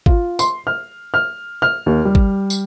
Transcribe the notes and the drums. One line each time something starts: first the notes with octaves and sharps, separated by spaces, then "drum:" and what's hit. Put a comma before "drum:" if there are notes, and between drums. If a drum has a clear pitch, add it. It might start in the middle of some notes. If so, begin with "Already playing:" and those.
F4, drum: kick
C6, drum: tambourine
F6
F6
F6
D#2
G3
drum: kick
drum: tambourine